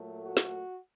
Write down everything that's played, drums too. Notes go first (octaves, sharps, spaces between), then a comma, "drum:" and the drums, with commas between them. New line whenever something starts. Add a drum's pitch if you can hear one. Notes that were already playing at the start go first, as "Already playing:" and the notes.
Already playing: A#2 F#3 A3
F#4
drum: snare